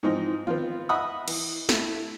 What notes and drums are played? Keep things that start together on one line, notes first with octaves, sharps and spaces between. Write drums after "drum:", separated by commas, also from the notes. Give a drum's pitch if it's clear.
G#2 E3 F3 C4 D#4
B3 C4 F4, drum: tom D3
D#5 E5 F#5 B5 D#6
E3, drum: cymbal
A3 E4, drum: snare